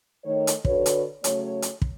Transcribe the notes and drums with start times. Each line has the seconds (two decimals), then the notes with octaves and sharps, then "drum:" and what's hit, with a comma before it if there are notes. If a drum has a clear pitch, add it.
0.25 D#3 A3 C#5
0.47 drum: hi-hat
0.65 D3 F#4 B4 C#5, drum: kick
0.86 drum: hi-hat
1.24 C#3 F#3 A3 C#5, drum: hi-hat
1.62 drum: hi-hat
1.82 drum: kick